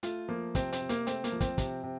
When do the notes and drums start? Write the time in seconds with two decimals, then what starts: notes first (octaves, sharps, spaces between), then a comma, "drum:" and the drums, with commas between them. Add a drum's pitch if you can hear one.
0.03 A3 F4, drum: hi-hat
0.29 F3 A#3
0.55 C3 C4, drum: kick, hi-hat
0.73 C4, drum: hi-hat
0.81 C3
0.89 A#3, drum: hi-hat
1.07 A3 C4, drum: hi-hat
1.24 A#3, drum: hi-hat
1.32 F3
1.41 C4, drum: kick, hi-hat
1.58 C3, drum: kick, hi-hat
1.83 C3